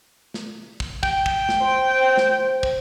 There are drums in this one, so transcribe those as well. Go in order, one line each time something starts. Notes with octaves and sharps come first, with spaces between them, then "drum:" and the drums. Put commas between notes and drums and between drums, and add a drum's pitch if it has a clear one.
drum: snare
drum: kick
G5, drum: kick
drum: kick
drum: snare
C5
drum: snare
drum: kick